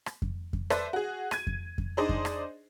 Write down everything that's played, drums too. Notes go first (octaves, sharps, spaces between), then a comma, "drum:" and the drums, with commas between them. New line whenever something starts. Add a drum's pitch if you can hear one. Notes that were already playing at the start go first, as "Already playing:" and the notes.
drum: rim click
drum: kick F2
drum: kick F2
A4 B4 C5 D5 E5, drum: rim click
F#4 G#4
G#6 D#7, drum: rim click
drum: kick F2
drum: kick F2
D4 D#4 G#4 C5 D5 D#5
drum: kick F2
drum: rim click